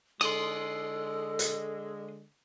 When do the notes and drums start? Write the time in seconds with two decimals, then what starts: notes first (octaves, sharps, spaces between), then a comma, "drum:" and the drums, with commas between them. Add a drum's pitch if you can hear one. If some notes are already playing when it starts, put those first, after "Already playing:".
0.21 D3 G#3 A4 C6 D#6, drum: cymbal
1.39 drum: hi-hat